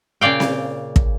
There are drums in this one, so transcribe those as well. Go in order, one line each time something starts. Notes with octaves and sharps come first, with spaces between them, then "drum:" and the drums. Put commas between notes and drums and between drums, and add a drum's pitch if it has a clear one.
A#2 C#3 D5 F5 G5
drum: snare C4
drum: kick